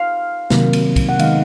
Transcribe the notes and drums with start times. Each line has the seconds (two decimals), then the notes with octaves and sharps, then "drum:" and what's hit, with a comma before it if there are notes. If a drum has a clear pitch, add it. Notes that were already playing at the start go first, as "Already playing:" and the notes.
Already playing: F5
0.50 C3 D#3 F#3 A#3, drum: snare
0.73 drum: cymbal
0.96 drum: kick, cymbal
1.09 F#5
1.19 D#3 G#3 B3 D#4 F5, drum: cymbal